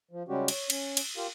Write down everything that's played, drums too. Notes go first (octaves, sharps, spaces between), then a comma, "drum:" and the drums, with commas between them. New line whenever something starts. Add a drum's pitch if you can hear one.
F3
C#3 G3 G#3 C#4 F#4 G4
C#5, drum: cymbal
C#4, drum: cymbal
drum: cymbal
F4 G4 A#4 F5